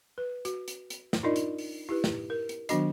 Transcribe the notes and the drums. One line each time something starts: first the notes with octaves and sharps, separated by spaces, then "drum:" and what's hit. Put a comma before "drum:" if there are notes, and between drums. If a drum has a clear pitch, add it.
B4
F#4, drum: hi-hat
drum: hi-hat
drum: hi-hat
drum: snare
D4 D#4 F4 A#4 D5 D#5
drum: hi-hat
drum: open hi-hat
E4 G4 B4
drum: snare
A#4
drum: hi-hat
D#3 F#3 B3 D4 F#4 D#5, drum: hi-hat